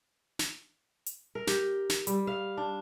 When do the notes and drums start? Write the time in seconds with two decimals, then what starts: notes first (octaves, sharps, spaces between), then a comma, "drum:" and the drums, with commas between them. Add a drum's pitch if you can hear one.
0.39 drum: snare
1.06 drum: hi-hat
1.35 A#4
1.47 G4, drum: snare
1.90 drum: snare
2.07 G3, drum: hi-hat
2.27 F5
2.57 D4